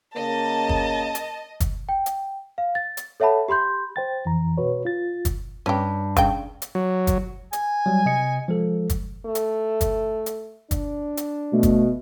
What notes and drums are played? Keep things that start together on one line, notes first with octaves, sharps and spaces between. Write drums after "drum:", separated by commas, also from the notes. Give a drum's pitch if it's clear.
C#3 A#3 D#5 A5
drum: kick
drum: hi-hat
drum: kick, hi-hat
G5
drum: hi-hat
F5
A6
drum: hi-hat
A4 C#5 E5 F#5 A5 B5
G4 B5 C6 G6
C5 G5 A6
F2 E3 A#5
B2 F#4 B4 C#5
F4 A6
drum: kick, hi-hat
G2 C#4 G4
C#3 G5, drum: kick, hi-hat
drum: hi-hat
F#3
drum: kick, hi-hat
G#5, drum: hi-hat
F#3 G3
C3 D#5 C#7
F3 G#3 A4
drum: kick, hi-hat
A3
drum: hi-hat
drum: kick, hi-hat
drum: hi-hat
D4, drum: kick, hi-hat
drum: hi-hat
B2 A3
drum: kick, hi-hat